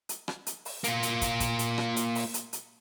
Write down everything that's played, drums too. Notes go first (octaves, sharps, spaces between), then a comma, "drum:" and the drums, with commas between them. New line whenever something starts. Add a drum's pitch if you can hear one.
drum: hi-hat
drum: rim click
drum: hi-hat
drum: open hi-hat
A#3 F4, drum: hi-hat
drum: hi-hat
drum: kick, hi-hat
drum: kick, hi-hat
drum: hi-hat
drum: rim click
drum: hi-hat
drum: open hi-hat
drum: hi-hat
drum: hi-hat